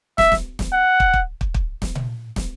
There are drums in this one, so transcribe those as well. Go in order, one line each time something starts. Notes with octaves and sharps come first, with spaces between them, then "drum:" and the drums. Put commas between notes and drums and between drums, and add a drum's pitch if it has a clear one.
E5, drum: snare
drum: snare
drum: snare
F#5
drum: kick
drum: kick
drum: kick
drum: kick
drum: snare
drum: tom A#2
drum: snare